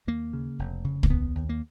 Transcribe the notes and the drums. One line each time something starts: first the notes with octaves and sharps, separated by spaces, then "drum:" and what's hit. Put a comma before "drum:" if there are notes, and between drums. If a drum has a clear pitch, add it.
D#2 A#3
C#3
F1
C#3
A#3, drum: kick
D#2 B3
D#2
A#3